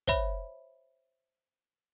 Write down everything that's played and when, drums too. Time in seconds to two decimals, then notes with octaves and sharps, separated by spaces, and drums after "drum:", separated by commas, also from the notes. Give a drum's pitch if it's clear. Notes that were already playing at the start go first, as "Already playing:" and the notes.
0.07 C5 C#5 E5 B5, drum: kick